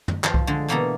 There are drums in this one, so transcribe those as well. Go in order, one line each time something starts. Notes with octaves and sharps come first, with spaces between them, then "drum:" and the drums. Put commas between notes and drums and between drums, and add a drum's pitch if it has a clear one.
drum: tom
F3, drum: clap
drum: kick C2
D3 G#3
B2 E3 A#3 B3 A4 A#5